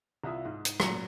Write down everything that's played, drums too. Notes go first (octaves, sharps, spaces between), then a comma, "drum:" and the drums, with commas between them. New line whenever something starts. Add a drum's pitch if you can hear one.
C2 E4 F4 E5 D#6
G#2
drum: hi-hat
F#1 A#2 F#3 C#7 G7, drum: rim click